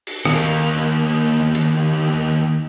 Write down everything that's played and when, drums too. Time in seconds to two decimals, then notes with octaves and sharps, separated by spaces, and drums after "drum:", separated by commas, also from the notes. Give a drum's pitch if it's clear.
0.07 drum: open hi-hat
0.25 D#2 A#3, drum: rim click
1.55 drum: hi-hat